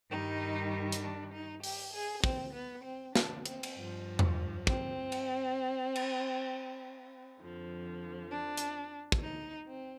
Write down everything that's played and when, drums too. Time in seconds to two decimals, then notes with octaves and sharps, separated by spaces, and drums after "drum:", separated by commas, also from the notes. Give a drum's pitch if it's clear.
0.11 G2 D#3 G3 D#4
0.92 drum: hi-hat
1.03 D4
1.33 D#4
1.64 G4, drum: open hi-hat
1.94 G#4
2.24 C4, drum: kick
2.54 B3
2.84 C4
3.15 D4, drum: snare
3.46 C4, drum: hi-hat
3.63 drum: cymbal
3.76 G2 F3
4.19 drum: tom E2
4.67 C4, drum: kick
5.12 drum: cymbal
5.95 drum: cymbal
7.41 F2 D3 F3
8.31 D4
8.57 drum: hi-hat
9.12 drum: kick
9.23 D#4
9.68 C4